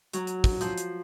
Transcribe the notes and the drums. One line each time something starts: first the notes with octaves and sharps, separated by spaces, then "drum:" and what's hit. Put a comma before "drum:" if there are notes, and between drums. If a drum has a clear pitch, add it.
F#3, drum: hi-hat
drum: hi-hat
drum: kick, open hi-hat
F3, drum: hi-hat
drum: hi-hat